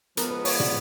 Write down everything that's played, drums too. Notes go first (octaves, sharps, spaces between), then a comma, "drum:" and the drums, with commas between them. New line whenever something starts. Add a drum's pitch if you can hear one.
F3 G#3 B3 A#4, drum: hi-hat
B4
C#5, drum: open hi-hat
D5, drum: tom